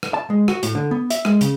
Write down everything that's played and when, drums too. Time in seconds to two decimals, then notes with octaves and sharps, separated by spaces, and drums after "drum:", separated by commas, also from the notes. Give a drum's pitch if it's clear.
0.03 drum: rim click
0.14 A5
0.30 G#3
0.48 F#4, drum: rim click
0.63 A2, drum: hi-hat
0.75 D3
0.91 B3
1.10 E5, drum: hi-hat
1.25 G#3, drum: rim click
1.41 C#3, drum: hi-hat